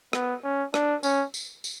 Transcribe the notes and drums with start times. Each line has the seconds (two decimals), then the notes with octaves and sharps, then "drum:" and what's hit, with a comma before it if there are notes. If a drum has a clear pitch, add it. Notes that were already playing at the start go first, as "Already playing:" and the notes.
0.13 B3, drum: rim click
0.44 C#4
0.74 D4, drum: rim click
1.03 C#4, drum: tambourine
1.34 drum: tambourine
1.64 drum: tambourine